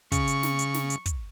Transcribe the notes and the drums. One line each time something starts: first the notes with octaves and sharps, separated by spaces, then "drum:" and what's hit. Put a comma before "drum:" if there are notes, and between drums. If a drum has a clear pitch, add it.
C#3 C#6, drum: kick, hi-hat
drum: hi-hat
drum: snare
drum: hi-hat
drum: snare
drum: hi-hat
drum: kick, hi-hat